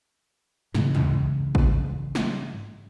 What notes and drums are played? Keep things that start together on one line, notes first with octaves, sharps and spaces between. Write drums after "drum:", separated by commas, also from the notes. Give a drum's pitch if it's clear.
G#2 C#3 E3 G#3, drum: snare
drum: tom
drum: kick A1
drum: snare